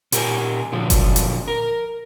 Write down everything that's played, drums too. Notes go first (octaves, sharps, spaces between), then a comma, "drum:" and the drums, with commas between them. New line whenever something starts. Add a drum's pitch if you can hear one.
A#2 G4 A#4 C5 G#5, drum: hi-hat
A#2 D3 F3 F#3
drum: kick F#1, hi-hat
drum: hi-hat
A#4